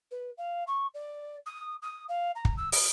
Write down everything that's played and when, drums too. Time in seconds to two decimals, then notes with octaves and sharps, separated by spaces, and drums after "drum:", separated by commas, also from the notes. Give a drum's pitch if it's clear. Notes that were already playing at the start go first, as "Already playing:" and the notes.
0.11 B4
0.37 F5
0.67 C#6
0.94 D5
1.46 D#6
1.82 D#6
2.09 F5
2.35 A#5
2.45 drum: kick
2.57 E6
2.72 D#6, drum: open hi-hat